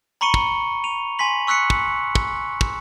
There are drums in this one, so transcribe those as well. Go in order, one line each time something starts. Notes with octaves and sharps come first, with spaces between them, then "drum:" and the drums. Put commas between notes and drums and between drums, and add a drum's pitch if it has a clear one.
A#5 B5 C#6 C#7 D#7 G7
drum: kick
D#7 F7
G#5 C6 B6 F#7
C#6 E6 F#6 B6 C#7
drum: kick
drum: kick
drum: kick